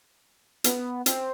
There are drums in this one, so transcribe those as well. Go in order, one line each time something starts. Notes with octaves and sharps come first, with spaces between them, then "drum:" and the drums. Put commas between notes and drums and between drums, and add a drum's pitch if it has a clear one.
B3, drum: hi-hat
C4, drum: hi-hat